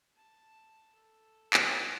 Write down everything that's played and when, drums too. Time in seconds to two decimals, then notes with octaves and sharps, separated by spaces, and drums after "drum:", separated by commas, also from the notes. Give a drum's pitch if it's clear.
0.15 A5
0.95 A4
1.54 drum: clap